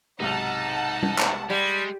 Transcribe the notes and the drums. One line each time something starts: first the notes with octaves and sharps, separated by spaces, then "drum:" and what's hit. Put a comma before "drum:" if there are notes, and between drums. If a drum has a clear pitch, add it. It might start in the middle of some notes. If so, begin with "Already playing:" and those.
B1 G#2 C3 D#4 F#5 A5
drum: tom G3
drum: clap
G3 G#3